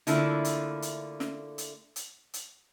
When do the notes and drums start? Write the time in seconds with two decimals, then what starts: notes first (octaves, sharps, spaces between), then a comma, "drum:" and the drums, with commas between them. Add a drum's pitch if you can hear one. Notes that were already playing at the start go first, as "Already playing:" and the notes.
0.07 D3 A3 A#3 D4 E4 F4, drum: hi-hat
0.45 drum: hi-hat
0.82 drum: hi-hat
1.20 drum: snare
1.58 drum: hi-hat
1.96 drum: hi-hat
2.34 drum: hi-hat